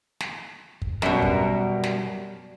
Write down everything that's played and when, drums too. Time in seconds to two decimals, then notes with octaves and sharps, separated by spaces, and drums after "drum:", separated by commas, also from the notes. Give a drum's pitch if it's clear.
0.21 drum: snare
0.82 drum: kick
1.02 F#2 B2 G3 A#4, drum: snare
1.22 drum: kick
1.84 drum: snare